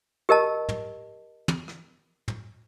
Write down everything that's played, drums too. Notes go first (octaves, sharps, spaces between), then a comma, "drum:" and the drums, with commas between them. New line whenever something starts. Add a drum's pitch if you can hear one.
G4 A#4 D#5 A5
drum: tom
drum: tom
drum: rim click
drum: tom